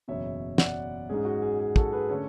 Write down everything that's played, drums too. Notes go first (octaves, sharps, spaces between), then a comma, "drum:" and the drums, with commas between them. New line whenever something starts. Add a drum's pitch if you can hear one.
F#1 E2 B2 C#5 E5
D5 F#5, drum: snare
G#2 G#3 C#4 G#4
F#4
G#4
G#4
F#4 A4, drum: kick
G#4 B4
D3 A3 C#4 A4 C#5